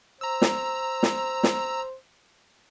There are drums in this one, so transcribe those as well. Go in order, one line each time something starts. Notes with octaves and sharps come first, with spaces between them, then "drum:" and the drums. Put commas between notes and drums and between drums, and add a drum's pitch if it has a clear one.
C5 A#5 E6
drum: snare
drum: snare
drum: snare